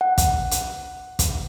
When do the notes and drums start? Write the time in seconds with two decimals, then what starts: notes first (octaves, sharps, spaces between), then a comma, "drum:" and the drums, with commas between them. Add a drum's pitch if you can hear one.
0.01 F#5
0.18 drum: kick, hi-hat
0.51 drum: hi-hat
1.19 drum: kick, hi-hat